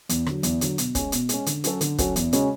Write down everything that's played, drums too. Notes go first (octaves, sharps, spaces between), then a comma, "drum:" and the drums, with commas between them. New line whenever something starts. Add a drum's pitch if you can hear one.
E2, drum: hi-hat
D3 F#3, drum: rim click
E2, drum: hi-hat
D3 F#3, drum: hi-hat
B2, drum: hi-hat
G#3 C#4, drum: kick, hi-hat
B2, drum: hi-hat
G#3 C#4, drum: hi-hat
D3, drum: hi-hat
F#3 C#4 F#4 A4, drum: hi-hat
D3, drum: hi-hat
F#3 C#4 F#4 A4, drum: kick, hi-hat
E2, drum: hi-hat
C#3 G#3 C#4 F#4, drum: hi-hat